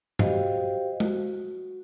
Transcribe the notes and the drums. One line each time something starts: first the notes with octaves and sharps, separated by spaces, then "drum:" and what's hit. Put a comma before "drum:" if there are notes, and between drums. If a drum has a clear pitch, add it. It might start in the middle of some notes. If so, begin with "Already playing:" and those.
F#4 G4 C5 D#5 F5 G5, drum: tom
F#4, drum: tom